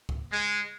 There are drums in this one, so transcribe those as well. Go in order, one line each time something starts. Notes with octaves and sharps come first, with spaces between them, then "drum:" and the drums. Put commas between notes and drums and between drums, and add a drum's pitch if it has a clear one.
drum: kick
G#3